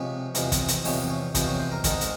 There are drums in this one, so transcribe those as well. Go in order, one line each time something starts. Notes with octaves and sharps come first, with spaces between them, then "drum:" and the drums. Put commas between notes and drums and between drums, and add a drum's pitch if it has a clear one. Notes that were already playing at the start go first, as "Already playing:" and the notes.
Already playing: C3 F3 G#3 C#5
E2 C3 F3 G#3, drum: hi-hat
drum: kick, hi-hat
drum: hi-hat
E2 C3 F3 G#3 C#5, drum: open hi-hat
C#5
E2 C3 F3 G#3 C5, drum: kick, hi-hat
C#5
C5
A#4
G#2 D#3 G#3 A#4, drum: kick, hi-hat
drum: hi-hat